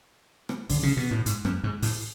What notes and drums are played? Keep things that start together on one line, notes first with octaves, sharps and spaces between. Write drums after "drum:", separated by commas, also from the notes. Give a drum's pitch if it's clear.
drum: rim click
D3, drum: kick, open hi-hat
C#3
B2
A2
G#2, drum: hi-hat
F#2, drum: rim click
G#2
A2, drum: open hi-hat